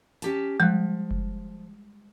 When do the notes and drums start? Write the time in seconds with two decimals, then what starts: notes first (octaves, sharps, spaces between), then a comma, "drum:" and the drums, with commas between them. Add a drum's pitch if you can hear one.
0.22 C#4 G4 A5, drum: hi-hat
0.60 F3 G3 G#3
1.11 drum: kick F#1